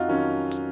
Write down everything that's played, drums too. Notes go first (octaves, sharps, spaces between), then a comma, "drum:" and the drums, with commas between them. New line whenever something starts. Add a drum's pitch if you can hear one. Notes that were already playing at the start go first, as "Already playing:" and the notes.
Already playing: F2 D#4 F4 F#4
D#3 F#3 C#4
drum: hi-hat